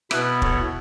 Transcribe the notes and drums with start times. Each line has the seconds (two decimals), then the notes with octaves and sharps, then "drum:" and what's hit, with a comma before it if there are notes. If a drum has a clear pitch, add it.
0.11 B2 B3 E4 B4 E5, drum: rim click
0.42 A4 C#5, drum: kick